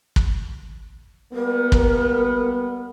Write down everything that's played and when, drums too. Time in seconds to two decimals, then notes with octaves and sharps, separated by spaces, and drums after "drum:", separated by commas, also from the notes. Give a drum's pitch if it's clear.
0.16 drum: kick
1.33 G3 A#3 B3 A#4
1.72 drum: kick